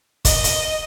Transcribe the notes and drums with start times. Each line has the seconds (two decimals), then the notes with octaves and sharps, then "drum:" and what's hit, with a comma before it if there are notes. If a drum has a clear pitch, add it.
0.25 D#5, drum: kick, hi-hat
0.44 drum: hi-hat